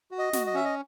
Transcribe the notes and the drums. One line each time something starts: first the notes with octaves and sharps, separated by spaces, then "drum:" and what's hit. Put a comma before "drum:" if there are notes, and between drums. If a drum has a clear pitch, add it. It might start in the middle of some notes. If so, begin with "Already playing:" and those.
F#4
D#5
F#4, drum: snare
D#5
C#4 E5
D#5